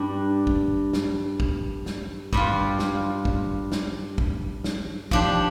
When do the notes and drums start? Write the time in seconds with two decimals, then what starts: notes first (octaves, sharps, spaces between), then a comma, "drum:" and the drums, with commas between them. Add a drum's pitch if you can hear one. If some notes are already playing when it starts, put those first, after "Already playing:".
Already playing: G2 G3 D4 G4
0.47 drum: kick
0.93 drum: snare
1.40 drum: kick
1.86 drum: snare
2.33 G2 G3 F4, drum: kick
2.79 drum: snare
3.25 drum: kick
3.72 drum: snare
4.18 drum: kick
4.64 drum: snare
5.11 F3 D4 G4, drum: kick